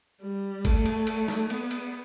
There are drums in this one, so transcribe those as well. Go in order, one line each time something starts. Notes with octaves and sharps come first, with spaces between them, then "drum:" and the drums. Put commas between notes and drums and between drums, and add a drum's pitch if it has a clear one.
G3
A3, drum: kick, cymbal
drum: cymbal
drum: cymbal
drum: snare
B3, drum: cymbal
drum: cymbal